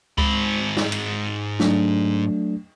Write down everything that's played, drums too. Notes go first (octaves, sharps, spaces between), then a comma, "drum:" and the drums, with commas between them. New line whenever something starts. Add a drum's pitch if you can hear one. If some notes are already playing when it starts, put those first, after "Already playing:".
G#2 B5, drum: kick C#2
drum: snare
drum: cymbal
F#3 A3 D4, drum: snare